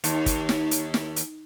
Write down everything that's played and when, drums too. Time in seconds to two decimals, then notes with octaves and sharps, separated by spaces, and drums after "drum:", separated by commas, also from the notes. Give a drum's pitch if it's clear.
0.04 D#2, drum: hi-hat
0.26 drum: kick, hi-hat
0.49 drum: snare
0.71 drum: hi-hat
0.94 drum: snare
1.16 drum: hi-hat